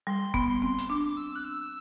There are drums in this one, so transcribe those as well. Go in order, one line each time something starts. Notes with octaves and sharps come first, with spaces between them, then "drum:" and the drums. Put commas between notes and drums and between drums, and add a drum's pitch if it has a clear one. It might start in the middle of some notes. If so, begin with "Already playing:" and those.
G3 C6
B3, drum: kick
C6
C4
drum: hi-hat
D4 D6
E6
F#6
E6